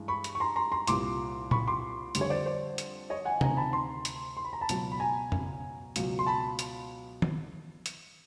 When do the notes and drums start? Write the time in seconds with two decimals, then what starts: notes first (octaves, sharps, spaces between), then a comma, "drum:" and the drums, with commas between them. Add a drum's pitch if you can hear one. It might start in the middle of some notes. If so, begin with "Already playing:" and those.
Already playing: G2 E3 G#3
0.08 B5 C#6
0.24 drum: hi-hat
0.35 C#6
0.40 A#5 C6
0.56 A#5 C6
0.72 A#5 C6
0.87 C2 A#2 G3 C6 D6, drum: hi-hat
1.51 B5 C#6, drum: tom A#2
1.67 C6 D6
2.15 F2 D3 G3, drum: hi-hat
2.21 C#5
2.30 C5 D5
2.46 C5 D5
2.78 drum: hi-hat
3.10 C#5 D#5
3.25 F#5 G#5
3.41 D2 C3 D#3 G#5 A#5, drum: tom C3
3.57 A5 B5
3.73 A#5 C6
4.05 drum: hi-hat
4.37 C6
4.45 B5
4.53 A#5
4.61 A5 B5
4.69 C#2 B2 F#3, drum: hi-hat
4.92 B5
5.00 G#5 A#5
5.32 drum: tom F2
5.96 C#2 B2 F#3, drum: hi-hat
6.19 C6
6.26 A5 B5
6.59 drum: hi-hat
7.22 drum: tom D#3
7.86 drum: hi-hat